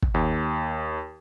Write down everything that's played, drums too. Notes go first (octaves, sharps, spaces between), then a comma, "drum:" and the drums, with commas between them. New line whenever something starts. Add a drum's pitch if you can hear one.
drum: kick
D#2